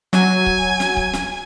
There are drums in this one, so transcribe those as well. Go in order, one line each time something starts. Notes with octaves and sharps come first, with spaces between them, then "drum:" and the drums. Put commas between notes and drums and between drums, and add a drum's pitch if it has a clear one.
F#3 G#5, drum: snare
drum: kick C#1
drum: snare
drum: kick C#1
drum: snare